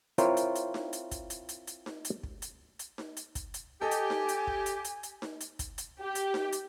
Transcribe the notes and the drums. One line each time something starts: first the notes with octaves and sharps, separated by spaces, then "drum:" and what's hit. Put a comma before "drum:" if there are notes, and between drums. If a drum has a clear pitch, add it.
C4 E4 F4 A#4 C5 C#5, drum: hi-hat
drum: hi-hat
drum: hi-hat
drum: snare D#4
drum: hi-hat
drum: kick, hi-hat
drum: hi-hat
drum: hi-hat
drum: hi-hat
drum: snare D#4
drum: hi-hat
drum: kick
drum: hi-hat
drum: hi-hat
drum: snare D#4
drum: hi-hat
drum: kick, hi-hat
drum: hi-hat
G4 A4 D#5 G#5
drum: hi-hat
drum: snare D#4
drum: hi-hat
drum: kick
drum: hi-hat
drum: hi-hat
drum: hi-hat
drum: snare D#4
drum: hi-hat
drum: kick, hi-hat
drum: hi-hat
G4
drum: hi-hat
drum: snare D#4
drum: hi-hat